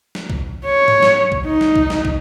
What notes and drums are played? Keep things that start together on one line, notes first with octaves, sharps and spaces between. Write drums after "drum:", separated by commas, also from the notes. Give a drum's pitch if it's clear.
drum: snare
drum: kick
C#5
drum: tom
drum: snare
drum: kick
D#4
drum: snare
drum: kick
drum: snare
drum: kick